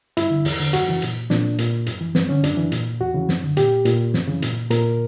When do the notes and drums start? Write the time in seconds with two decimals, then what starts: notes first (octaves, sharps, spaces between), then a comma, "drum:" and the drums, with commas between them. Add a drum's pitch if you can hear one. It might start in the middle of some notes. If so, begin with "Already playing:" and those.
0.17 G2 E4, drum: hi-hat
0.31 D3
0.45 E2, drum: open hi-hat
0.60 D3
0.73 F#2 F#4, drum: hi-hat
0.88 C#3 E3
1.02 A#2, drum: hi-hat
1.30 A#2 D4, drum: snare
1.58 A#2, drum: hi-hat
1.86 F#2, drum: hi-hat
2.01 E3
2.15 G2 B3, drum: snare
2.29 D3 C#4
2.44 F#2 D4, drum: hi-hat
2.57 C#3 E3
2.72 A#2, drum: hi-hat
3.01 E2 F#4
3.14 C#3 E3
3.29 F#2, drum: snare
3.43 D3
3.57 A#2 G4, drum: hi-hat
3.85 A#2, drum: hi-hat
4.14 F#2, drum: snare
4.27 C#3 E3
4.42 A#2, drum: hi-hat
4.71 A#2 A#4, drum: hi-hat